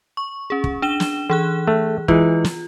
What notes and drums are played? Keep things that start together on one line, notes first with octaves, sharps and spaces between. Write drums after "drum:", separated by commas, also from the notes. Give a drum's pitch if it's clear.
C#6
C#4 G#4
drum: kick
D4 E7 G7
drum: snare
E3 G#4 F#6
A3
E3 G#3 F4, drum: kick
drum: snare